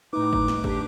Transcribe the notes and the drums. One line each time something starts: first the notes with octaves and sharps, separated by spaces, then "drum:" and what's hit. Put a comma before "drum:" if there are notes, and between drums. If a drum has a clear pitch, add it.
A2 A3 D#4 B4 D6
drum: kick
drum: snare
D4 G4, drum: kick